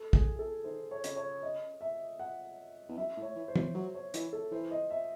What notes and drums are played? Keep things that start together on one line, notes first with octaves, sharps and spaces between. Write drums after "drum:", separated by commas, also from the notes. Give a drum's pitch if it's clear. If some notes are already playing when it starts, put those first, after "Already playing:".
Already playing: A4
G#4, drum: kick
A4
D#3 C5
C#5
C#3, drum: hi-hat
C#5
D#5
E5
F#5
E2
F#2 E5
A2
C#5
E3
C5
E3, drum: tom
F#3 C5
C#5
E3, drum: hi-hat
A4
E3 C5
D#5
E5